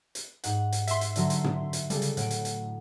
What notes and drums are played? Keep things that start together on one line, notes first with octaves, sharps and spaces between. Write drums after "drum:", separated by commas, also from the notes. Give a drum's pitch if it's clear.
drum: hi-hat
G#2 F#5, drum: hi-hat
drum: hi-hat
E5 C6, drum: hi-hat
drum: hi-hat
D3 F#3, drum: hi-hat
drum: hi-hat
drum: tom
drum: hi-hat
C#3 G3 A4, drum: hi-hat
drum: hi-hat
A2 F#5 D7, drum: hi-hat
drum: hi-hat
drum: hi-hat